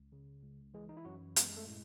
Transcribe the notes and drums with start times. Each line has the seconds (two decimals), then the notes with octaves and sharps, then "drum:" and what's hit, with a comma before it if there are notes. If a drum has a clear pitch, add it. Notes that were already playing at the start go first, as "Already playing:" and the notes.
Already playing: C#2
0.12 C#3
0.43 C#2
0.74 E3 G#3 G#4
0.89 D#4
0.97 E4
1.05 F#2 F#3 F#4
1.36 G#3 B3 B4, drum: hi-hat
1.57 A3 A4
1.67 A2